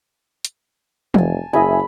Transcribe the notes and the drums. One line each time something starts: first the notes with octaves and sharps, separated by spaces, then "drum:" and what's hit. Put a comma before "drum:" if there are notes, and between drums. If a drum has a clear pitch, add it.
drum: hi-hat
F1 G#5 A5, drum: tom E3
F#1 E4 G#4 D#5 E5 G#5 B5